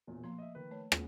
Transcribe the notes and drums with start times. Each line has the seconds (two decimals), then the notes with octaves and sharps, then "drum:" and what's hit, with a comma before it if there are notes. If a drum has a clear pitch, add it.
0.07 E1 E2 A#2
0.24 F3 A3 A#3 C6
0.39 D#5 E5
0.55 D#3 B4
0.71 A3 C#5
0.92 G#3 A#3 B3, drum: rim click